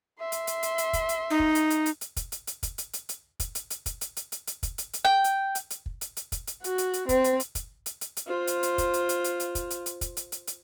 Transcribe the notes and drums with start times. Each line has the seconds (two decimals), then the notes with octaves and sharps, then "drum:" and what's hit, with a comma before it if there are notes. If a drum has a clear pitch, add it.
0.20 E5 C6
0.32 drum: hi-hat
0.47 drum: hi-hat
0.63 drum: hi-hat
0.78 drum: hi-hat
0.93 drum: kick, hi-hat
1.09 drum: hi-hat
1.30 D#4
1.40 drum: kick
1.55 drum: hi-hat
1.70 drum: hi-hat
1.86 drum: hi-hat
2.01 drum: hi-hat
2.16 drum: kick, hi-hat
2.32 drum: hi-hat
2.47 drum: hi-hat
2.63 drum: kick, hi-hat
2.78 drum: hi-hat
2.93 drum: hi-hat
3.09 drum: hi-hat
3.40 drum: kick, hi-hat
3.55 drum: hi-hat
3.70 drum: hi-hat
3.86 drum: kick, hi-hat
4.01 drum: hi-hat
4.17 drum: hi-hat
4.32 drum: hi-hat
4.47 drum: hi-hat
4.63 drum: kick, hi-hat
4.78 drum: hi-hat
4.93 drum: hi-hat
5.05 G5
5.24 drum: hi-hat
5.55 drum: hi-hat
5.70 drum: hi-hat
5.86 drum: kick
6.01 drum: hi-hat
6.17 drum: hi-hat
6.32 drum: kick, hi-hat
6.47 drum: hi-hat
6.64 F#4, drum: hi-hat
6.78 drum: hi-hat
6.93 drum: hi-hat
7.09 C4, drum: kick, hi-hat
7.24 drum: hi-hat
7.40 drum: hi-hat
7.55 drum: kick, hi-hat
7.86 drum: hi-hat
8.01 drum: hi-hat
8.17 drum: hi-hat
8.27 F4 C5
8.47 drum: hi-hat
8.63 drum: hi-hat
8.78 drum: kick, hi-hat
8.94 drum: hi-hat
9.09 drum: hi-hat
9.24 drum: hi-hat
9.40 drum: hi-hat
9.55 drum: kick, hi-hat
9.70 drum: hi-hat
9.86 drum: hi-hat
10.01 drum: kick, hi-hat
10.17 drum: hi-hat
10.32 drum: hi-hat
10.47 drum: hi-hat